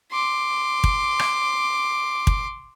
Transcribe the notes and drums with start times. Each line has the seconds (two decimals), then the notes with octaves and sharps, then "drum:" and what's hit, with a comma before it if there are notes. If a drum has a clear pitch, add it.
0.12 C6 D6
0.84 drum: kick
1.19 drum: rim click
2.27 drum: kick